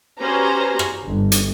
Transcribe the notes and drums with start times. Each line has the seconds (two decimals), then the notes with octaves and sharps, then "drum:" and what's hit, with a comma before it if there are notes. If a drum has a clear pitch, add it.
0.20 C#4 F#4 G4 B4 C5 A#5
0.79 drum: rim click
1.05 G1
1.32 drum: hi-hat